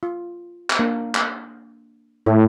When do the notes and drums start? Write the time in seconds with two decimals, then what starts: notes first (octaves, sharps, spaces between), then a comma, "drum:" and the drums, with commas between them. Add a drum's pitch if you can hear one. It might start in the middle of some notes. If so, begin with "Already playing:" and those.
0.03 F4
0.70 drum: clap
0.79 A#3 D4
1.15 drum: clap
2.26 A2 E4